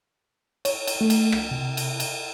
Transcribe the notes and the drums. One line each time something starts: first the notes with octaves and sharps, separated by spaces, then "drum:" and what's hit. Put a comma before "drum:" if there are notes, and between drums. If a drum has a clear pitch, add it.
C#5, drum: cymbal
drum: cymbal
A3
drum: cymbal
drum: rim click
C3
drum: cymbal
drum: cymbal